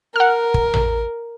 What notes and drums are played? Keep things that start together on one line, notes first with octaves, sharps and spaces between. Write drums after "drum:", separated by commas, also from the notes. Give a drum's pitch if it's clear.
A#4 F#5 F6
drum: kick
drum: tom A1